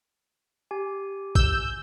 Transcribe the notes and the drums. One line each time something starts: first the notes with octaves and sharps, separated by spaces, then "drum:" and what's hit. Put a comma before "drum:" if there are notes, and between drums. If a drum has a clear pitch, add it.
G4 G#5
E6 G6, drum: kick A1